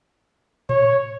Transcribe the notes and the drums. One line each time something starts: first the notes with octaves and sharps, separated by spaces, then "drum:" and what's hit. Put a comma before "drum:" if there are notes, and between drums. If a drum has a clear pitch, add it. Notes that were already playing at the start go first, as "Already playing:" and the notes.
C#5, drum: tom A2